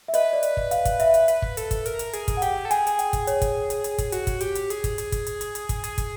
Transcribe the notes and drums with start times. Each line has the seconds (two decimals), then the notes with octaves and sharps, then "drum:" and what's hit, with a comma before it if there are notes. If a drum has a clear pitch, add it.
0.08 E5
0.14 B4 D#5, drum: hi-hat
0.33 D5
0.43 drum: hi-hat
0.57 drum: kick
0.71 F5, drum: hi-hat
0.85 drum: kick, hi-hat
1.00 E5, drum: hi-hat
1.14 drum: hi-hat
1.28 B4, drum: hi-hat
1.42 drum: kick
1.57 A4, drum: hi-hat
1.71 drum: kick, hi-hat
1.86 A#4, drum: hi-hat
1.99 drum: hi-hat
2.13 G#4, drum: hi-hat
2.28 drum: kick, hi-hat
2.37 F#5
2.42 G4 G5, drum: hi-hat
2.65 A4
2.71 G#4 G#5, drum: hi-hat
2.87 G#5, drum: hi-hat
2.99 G5, drum: hi-hat
3.13 drum: kick, hi-hat
3.27 C#5, drum: hi-hat
3.42 drum: kick, hi-hat
3.70 drum: hi-hat
3.84 drum: hi-hat
3.98 drum: kick, hi-hat
4.12 F#4, drum: hi-hat
4.27 drum: kick, hi-hat
4.41 G4, drum: hi-hat
4.55 drum: hi-hat
4.70 G#4, drum: hi-hat
4.84 drum: kick, hi-hat
4.98 drum: hi-hat
5.12 drum: kick, hi-hat
5.27 drum: hi-hat
5.41 drum: hi-hat
5.55 drum: hi-hat
5.69 drum: kick, hi-hat
5.84 G#4, drum: hi-hat
5.98 drum: kick, hi-hat